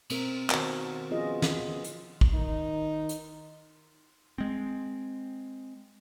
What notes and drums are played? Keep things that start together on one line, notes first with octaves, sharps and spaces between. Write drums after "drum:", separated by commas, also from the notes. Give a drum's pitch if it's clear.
B2 C4 A#4, drum: cymbal
D#3 B3 F#4 A#4 C5, drum: clap
F3 B3 C#4 F4 G#4 D#5
drum: snare
drum: hi-hat
drum: kick
D#3 D#4
drum: hi-hat
G#3 C4